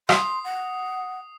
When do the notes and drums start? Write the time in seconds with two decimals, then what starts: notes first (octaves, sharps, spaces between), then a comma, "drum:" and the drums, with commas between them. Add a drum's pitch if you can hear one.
0.09 C6 D#6 C7, drum: rim click
0.44 F#5